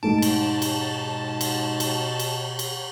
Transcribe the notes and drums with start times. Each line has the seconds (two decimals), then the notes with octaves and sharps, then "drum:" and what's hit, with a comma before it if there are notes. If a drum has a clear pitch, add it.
0.03 G1 G#2 B2 A3 A5 D7
0.22 drum: cymbal
0.62 drum: cymbal
1.41 drum: cymbal
1.80 drum: cymbal
2.19 drum: cymbal
2.59 drum: cymbal